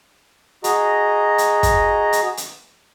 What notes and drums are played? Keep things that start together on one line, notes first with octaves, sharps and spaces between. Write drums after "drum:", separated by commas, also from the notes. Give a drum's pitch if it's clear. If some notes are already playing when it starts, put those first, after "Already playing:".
F#4 G#4 D#5 A#5, drum: hi-hat
drum: hi-hat
drum: kick, hi-hat
drum: hi-hat
drum: hi-hat